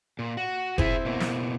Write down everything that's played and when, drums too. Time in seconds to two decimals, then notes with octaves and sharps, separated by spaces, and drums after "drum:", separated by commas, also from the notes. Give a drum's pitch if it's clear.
0.19 A#2
0.37 F#4
0.78 C4 E4 G#4 E5, drum: kick F1
1.05 B2 A#3
1.20 drum: snare